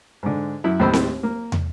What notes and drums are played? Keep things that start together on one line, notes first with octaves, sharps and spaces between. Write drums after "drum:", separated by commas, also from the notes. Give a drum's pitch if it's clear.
G#2 D3
F#2 E4
D#2 A2 C4 C5 B5 E6
drum: snare C4
A#3
drum: tom